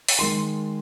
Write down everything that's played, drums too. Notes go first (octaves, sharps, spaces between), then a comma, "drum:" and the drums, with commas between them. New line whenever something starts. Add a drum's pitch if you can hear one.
drum: open hi-hat
D#3 G#3 C6